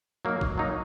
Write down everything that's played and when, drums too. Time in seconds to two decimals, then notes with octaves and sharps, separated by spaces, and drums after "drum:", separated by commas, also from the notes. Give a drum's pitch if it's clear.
0.25 F#3 A#3 D#4
0.41 drum: kick
0.58 F#3 A#3 D#4